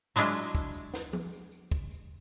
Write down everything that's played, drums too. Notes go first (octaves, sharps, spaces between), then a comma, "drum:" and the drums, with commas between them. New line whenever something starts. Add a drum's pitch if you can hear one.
F#3 G#3 D4 E4 F4, drum: tambourine
drum: tambourine
drum: kick, tambourine
drum: tambourine
drum: snare
drum: tom
drum: tambourine
drum: tambourine
drum: kick, tambourine
drum: tambourine